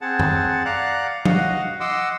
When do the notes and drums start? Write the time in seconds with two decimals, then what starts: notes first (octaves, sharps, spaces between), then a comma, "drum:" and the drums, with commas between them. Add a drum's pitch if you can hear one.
0.01 C4 G#4 F#5 A5
0.20 drum: tom F#2
0.65 D5 F5 F#5 A#5 F#6
1.25 F#4 D#5 F5 F#5, drum: tom F3
1.80 D#5 F#5 C6 D6 E6